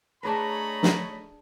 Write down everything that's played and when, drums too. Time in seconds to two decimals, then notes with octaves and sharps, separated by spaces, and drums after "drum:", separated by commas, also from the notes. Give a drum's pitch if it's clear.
0.23 A3 D4 G#4 B4 C#5 D#5 A#5 B5
0.83 drum: snare